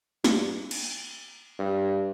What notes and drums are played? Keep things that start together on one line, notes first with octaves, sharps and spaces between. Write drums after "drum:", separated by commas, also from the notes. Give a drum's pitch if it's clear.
G2, drum: snare
drum: cymbal
G2